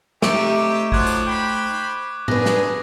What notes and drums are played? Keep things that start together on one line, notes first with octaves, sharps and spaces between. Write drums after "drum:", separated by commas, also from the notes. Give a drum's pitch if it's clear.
C3 A3 D#4 G4 C#6 D6 D7, drum: snare
F3 F#3 D6 F#6 G#6, drum: kick
drum: tambourine
C5 G5 B5
B2 D4 D#4 G#4 B4 A#6, drum: tom A2
drum: snare